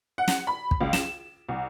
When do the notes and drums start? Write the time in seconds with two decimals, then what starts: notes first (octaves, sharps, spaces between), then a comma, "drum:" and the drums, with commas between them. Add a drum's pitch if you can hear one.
0.18 F#5
0.28 drum: snare
0.47 B5
0.71 drum: kick
0.81 C#2
0.93 E7, drum: snare
1.49 C2